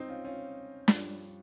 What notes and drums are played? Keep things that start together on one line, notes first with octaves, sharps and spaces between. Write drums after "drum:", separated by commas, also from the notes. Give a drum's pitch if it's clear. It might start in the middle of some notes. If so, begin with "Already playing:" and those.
Already playing: C4 D#4
C#4 F4
C#4 F4
G2 F3, drum: snare